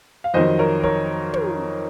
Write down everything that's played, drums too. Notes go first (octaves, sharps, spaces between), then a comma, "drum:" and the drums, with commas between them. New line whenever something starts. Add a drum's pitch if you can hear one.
F5
F2 D#3 F#3 C5 D#5
A#4 C#5
A#4 C#5, drum: kick
drum: tom